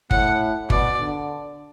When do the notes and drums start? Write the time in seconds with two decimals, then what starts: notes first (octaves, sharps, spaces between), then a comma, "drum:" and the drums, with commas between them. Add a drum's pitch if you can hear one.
0.11 A2 F#5, drum: kick
0.70 B2 D5, drum: kick
1.00 D3